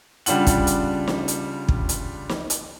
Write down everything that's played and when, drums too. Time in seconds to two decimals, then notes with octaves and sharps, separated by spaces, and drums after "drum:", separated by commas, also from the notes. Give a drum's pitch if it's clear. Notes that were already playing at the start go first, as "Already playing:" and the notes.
0.26 C#3 G3 D4 F4 F#5 F#7, drum: hi-hat
0.47 drum: kick, hi-hat
0.67 drum: hi-hat
1.08 drum: snare
1.28 drum: hi-hat
1.68 drum: kick
1.89 drum: hi-hat
2.29 drum: snare
2.50 drum: hi-hat